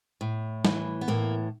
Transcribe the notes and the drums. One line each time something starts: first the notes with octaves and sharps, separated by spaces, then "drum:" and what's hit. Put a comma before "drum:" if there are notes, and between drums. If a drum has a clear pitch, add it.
A2
E3, drum: snare
B3
A2 A#3